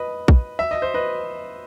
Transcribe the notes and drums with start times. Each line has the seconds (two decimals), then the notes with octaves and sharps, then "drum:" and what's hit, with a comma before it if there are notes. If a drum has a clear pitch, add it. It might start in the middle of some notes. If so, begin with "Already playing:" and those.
Already playing: B4 D#5
0.28 drum: kick A#1
0.59 E5
0.71 D#5
0.82 C5
0.94 B4 D#5